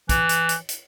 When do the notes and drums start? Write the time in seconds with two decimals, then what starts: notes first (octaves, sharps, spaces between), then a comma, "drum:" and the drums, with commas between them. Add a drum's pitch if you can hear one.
0.09 E3, drum: kick, hi-hat
0.29 drum: hi-hat
0.49 drum: hi-hat
0.69 drum: hi-hat